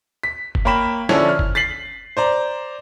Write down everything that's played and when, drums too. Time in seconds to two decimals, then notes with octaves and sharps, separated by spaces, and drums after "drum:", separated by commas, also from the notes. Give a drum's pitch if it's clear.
0.23 B6
0.55 drum: kick F#1
0.65 A#3 C#5 G5 B5 B6 E7
1.09 D3 F3 C#4 D4 E4, drum: snare
1.29 F6
1.39 drum: kick F#1
1.55 A6 B6 C7 F#7
2.17 C5 D5 A#5